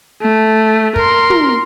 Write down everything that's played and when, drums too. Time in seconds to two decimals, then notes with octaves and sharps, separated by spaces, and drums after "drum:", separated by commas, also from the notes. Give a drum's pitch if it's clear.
0.22 A3
0.96 A#4 C6, drum: kick
1.30 drum: tom